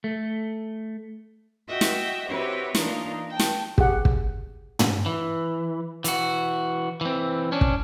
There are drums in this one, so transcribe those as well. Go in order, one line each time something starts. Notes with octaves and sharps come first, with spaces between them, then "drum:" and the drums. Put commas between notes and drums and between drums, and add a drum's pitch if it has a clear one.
A3
F#4 D#5 E5 G5
drum: snare
C4 E4 F#4 G4 B4 C#5
E3 A#3 D4 D#4 F4, drum: snare
G5 A5
drum: snare
G4 G#4 F#5, drum: kick
drum: kick
drum: tom
E3
E3 F#4, drum: hi-hat
E3 C4
C#4 D4
drum: kick